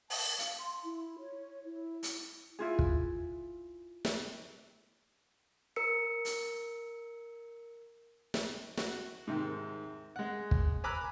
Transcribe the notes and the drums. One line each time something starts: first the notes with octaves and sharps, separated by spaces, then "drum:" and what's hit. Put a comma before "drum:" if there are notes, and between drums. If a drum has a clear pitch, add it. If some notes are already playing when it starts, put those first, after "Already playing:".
A5, drum: open hi-hat
F5, drum: hi-hat
C6
E4
C#5
E4
drum: hi-hat
E4 F4 G#4
drum: kick
drum: snare
A#4 E6 C#7
drum: hi-hat
drum: snare
F#4, drum: snare
G#2 C3 D#3
G#3 F#5
drum: kick
G#5 A#5 B5 D6 E6 F#6